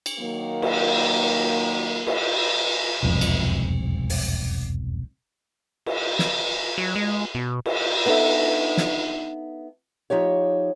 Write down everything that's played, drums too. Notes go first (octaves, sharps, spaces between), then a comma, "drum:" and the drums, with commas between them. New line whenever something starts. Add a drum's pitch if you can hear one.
drum: cymbal
D#3 F#3 A#3
drum: cymbal
drum: cymbal
E1 C2 F2 G#2
drum: cymbal
drum: open hi-hat
drum: cymbal
drum: snare
F#3
G#3
B2
drum: cymbal
B3 D4 D#4 A4 E5
drum: snare
F3 D#4 G4 C#5